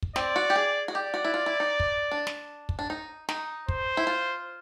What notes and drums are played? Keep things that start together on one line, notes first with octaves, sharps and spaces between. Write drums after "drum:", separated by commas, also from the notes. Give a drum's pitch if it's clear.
drum: kick
C4 D5, drum: snare
F#4
G4
G#4
F#4
G4 D5
F#4
E4
F4
E4
D#4
drum: kick
D4
drum: snare
drum: kick
D4
D#4
D#4, drum: snare
C5, drum: kick
E4
F4